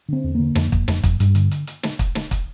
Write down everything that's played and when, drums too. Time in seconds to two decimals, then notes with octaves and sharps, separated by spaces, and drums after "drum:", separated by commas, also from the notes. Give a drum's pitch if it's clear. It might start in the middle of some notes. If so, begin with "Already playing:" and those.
0.08 D3 C4
0.24 E2
0.35 D3 A#3
0.55 F2, drum: snare
0.72 F2, drum: kick
0.88 F2, drum: snare
1.03 F2, drum: kick, hi-hat
1.20 G2, drum: hi-hat
1.35 D3, drum: hi-hat
1.51 drum: hi-hat
1.67 drum: hi-hat
1.83 drum: snare
1.99 drum: kick, hi-hat
2.15 drum: snare
2.31 drum: kick, hi-hat